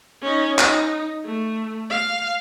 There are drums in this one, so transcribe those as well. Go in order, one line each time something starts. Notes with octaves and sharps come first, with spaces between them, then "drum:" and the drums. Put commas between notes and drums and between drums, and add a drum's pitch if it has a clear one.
C#4 D#4
D#4, drum: clap
A3
F5